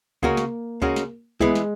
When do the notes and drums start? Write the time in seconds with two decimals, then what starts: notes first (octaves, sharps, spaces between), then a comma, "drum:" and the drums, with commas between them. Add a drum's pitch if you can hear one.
0.23 C#3 G#3 A#3 C#4 F#4 A#4, drum: kick C#2
0.37 drum: snare
0.82 C#3 G#3 C#4 F#4 A#4, drum: kick C#2
0.96 drum: snare
1.40 E3 G#3 B3 E4 G#4, drum: kick C#2
1.55 drum: snare